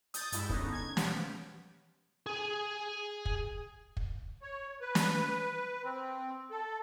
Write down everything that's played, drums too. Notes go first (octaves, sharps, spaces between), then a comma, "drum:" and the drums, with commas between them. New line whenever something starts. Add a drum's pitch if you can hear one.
D#6 G6 A6, drum: hi-hat
G2 G#3 E4, drum: hi-hat
D3 B3 C#4 D#4, drum: kick
G#6
B2 F3 B3 G4, drum: snare
G#4 G#5
drum: kick
drum: kick
C#5
B4
drum: snare
C4
A4